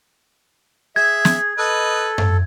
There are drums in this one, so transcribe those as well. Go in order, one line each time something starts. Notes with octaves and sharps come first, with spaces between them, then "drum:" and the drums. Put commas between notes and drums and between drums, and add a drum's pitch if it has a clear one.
G#4 E5 G#6
drum: snare
A4 B4 D#5
drum: tom F#2